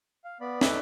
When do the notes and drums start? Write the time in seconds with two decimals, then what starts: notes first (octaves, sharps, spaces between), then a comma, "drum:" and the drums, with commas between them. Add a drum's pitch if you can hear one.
0.24 F5
0.41 B3 D5 B5
0.61 A3 D#4 B4 D5 E5, drum: snare